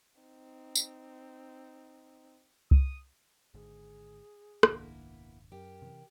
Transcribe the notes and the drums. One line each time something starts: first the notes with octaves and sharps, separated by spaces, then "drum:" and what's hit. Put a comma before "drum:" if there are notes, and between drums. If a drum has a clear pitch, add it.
C4 D#4
drum: tambourine
D#6, drum: kick C2
G#1 G#2 D3 G#4
D#1 C2 G#2 D#3 A#3 B3 D4 E4, drum: rim click
F#2 G4 A#4
C3 E3